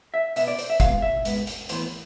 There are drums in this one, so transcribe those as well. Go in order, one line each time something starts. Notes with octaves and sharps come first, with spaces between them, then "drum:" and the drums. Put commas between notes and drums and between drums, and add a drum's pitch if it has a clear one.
E5
B2 B3 E5, drum: hi-hat
D5
C5, drum: hi-hat
E5
G#2 G#3 B3 F5, drum: kick, hi-hat
E5
G#2 G#3 B3, drum: hi-hat
drum: hi-hat
A2 E3 B3 C5, drum: hi-hat